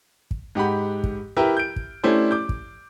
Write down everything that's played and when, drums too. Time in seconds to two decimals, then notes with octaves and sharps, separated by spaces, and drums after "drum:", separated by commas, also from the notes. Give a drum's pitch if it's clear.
0.31 drum: kick
0.55 G#2 G4 F#5 B5
1.04 drum: kick
1.37 E4 G4 A#4 B4 E5 G5
1.57 G6 D7
1.76 drum: kick
2.03 A3 C#4 D4 E4 G4 C5
2.31 D6 G6
2.49 drum: kick